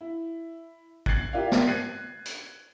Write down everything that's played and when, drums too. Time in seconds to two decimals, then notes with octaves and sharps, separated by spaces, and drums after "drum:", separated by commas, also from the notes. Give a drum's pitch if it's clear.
0.01 E4
1.06 F#6 G#6 A6 C7 F#7, drum: kick
1.33 F4 G4 A#4 D5 E5 F5
1.52 drum: snare
1.67 F#6 G#6 A6 C7 D#7
2.25 drum: hi-hat